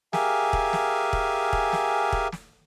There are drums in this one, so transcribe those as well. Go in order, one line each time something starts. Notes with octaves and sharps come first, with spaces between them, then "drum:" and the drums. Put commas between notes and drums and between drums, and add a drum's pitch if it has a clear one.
G4 G#4 A#4 E5 F5 G#5, drum: snare
drum: kick
drum: snare
drum: kick
drum: kick
drum: snare
drum: kick
drum: snare